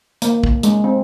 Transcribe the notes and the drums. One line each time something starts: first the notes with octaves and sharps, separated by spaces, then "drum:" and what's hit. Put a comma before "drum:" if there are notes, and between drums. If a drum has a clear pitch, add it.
A#3, drum: hi-hat
drum: kick
G#3, drum: hi-hat
C4